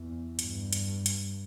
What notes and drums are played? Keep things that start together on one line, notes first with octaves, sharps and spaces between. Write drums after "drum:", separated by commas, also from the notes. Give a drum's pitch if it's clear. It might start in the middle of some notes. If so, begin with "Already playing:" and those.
Already playing: E2
G2, drum: hi-hat
drum: hi-hat
drum: hi-hat